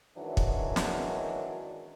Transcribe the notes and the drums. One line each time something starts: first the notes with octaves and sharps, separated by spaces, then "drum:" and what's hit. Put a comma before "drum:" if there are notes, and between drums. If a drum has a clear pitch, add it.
F#2 D#3 E3 F#3 G#3 D4
drum: kick
drum: snare